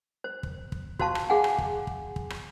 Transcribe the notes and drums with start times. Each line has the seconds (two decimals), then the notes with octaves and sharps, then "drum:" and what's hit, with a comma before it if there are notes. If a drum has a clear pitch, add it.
0.24 C5
0.43 drum: kick
0.72 drum: kick
0.99 F#4 C5 F5 A5 C#6, drum: kick
1.15 drum: rim click
1.30 G#4 F5 F#5 G#5
1.44 drum: rim click
1.58 drum: kick
1.87 drum: kick
2.16 drum: kick
2.30 drum: rim click